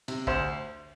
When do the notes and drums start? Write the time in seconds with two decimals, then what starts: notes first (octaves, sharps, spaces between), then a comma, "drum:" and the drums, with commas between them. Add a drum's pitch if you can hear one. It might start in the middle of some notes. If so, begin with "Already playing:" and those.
0.08 C3, drum: cymbal
0.27 D2 C5, drum: kick A1